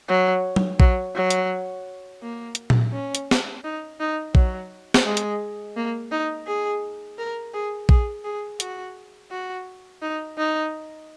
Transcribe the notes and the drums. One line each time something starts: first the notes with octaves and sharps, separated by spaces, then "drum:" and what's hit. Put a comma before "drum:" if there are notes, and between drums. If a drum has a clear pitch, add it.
F#3
drum: tom F#3
F#3, drum: kick A#1
F#3
drum: hi-hat
A#3
drum: hi-hat
drum: tom A#2
C#4
drum: hi-hat
drum: snare
D#4
D#4
F#3, drum: kick A#1
drum: snare
G#3
drum: hi-hat
A#3
D#4
G#4
A#4
G#4
G#4, drum: kick A#1
G#4
F#4, drum: hi-hat
F#4
D#4
D#4